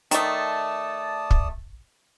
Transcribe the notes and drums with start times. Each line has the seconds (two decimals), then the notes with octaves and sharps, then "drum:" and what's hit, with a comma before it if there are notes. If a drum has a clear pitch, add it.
0.11 D#3 A3 D5 A5 D#6, drum: hi-hat
1.31 drum: kick